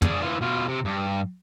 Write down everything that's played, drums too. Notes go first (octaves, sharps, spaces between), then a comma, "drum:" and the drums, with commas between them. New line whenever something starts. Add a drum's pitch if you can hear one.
D4 G#4, drum: tom
E3 F4
B2 F4
C3
G2